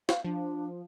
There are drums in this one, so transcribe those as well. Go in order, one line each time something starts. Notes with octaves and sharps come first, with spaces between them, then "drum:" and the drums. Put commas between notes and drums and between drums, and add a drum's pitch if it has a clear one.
F5, drum: snare
F3 D4